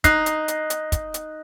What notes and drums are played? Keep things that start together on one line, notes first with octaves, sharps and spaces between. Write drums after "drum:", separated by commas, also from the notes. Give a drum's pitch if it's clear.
D#4 F#6 A#6 C7, drum: kick, hi-hat
drum: hi-hat
drum: hi-hat
drum: hi-hat
drum: kick, hi-hat
drum: hi-hat